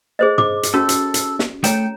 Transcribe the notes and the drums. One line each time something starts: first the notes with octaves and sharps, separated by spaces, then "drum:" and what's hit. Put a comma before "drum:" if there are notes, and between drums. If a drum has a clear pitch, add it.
G#4 C5 D#5
D6, drum: tom
drum: hi-hat
C#4 F#4 A4
drum: hi-hat
drum: hi-hat
drum: snare
A3 C#5 G5 A#5, drum: hi-hat